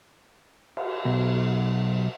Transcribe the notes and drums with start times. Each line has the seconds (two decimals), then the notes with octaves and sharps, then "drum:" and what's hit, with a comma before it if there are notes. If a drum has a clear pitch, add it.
0.77 drum: cymbal
1.05 B1